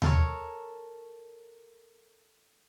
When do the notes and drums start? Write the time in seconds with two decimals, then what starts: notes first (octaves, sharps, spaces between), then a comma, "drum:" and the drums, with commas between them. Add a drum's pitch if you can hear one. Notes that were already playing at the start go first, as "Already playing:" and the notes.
0.02 A4 A#4 C#5, drum: tom D#2